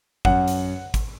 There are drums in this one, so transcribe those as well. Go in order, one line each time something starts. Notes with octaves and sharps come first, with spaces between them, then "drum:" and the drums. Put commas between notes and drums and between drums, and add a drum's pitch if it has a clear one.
F#2 F#5, drum: kick
drum: hi-hat
drum: kick, hi-hat